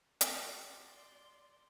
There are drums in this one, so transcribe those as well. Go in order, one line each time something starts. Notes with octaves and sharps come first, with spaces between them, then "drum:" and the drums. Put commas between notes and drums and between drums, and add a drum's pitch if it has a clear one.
F#4, drum: hi-hat
D5 C6